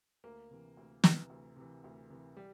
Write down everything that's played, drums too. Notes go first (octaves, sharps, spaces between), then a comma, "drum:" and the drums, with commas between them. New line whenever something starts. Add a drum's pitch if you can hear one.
D2 A#3
C3 E3
D2
C3 E3, drum: snare
D2
C3 E3
D2
C3 E3
G3